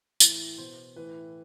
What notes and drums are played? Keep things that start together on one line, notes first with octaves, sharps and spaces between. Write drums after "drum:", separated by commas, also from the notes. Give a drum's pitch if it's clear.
A2 E3, drum: tambourine
B2 C5
A2 E3 B4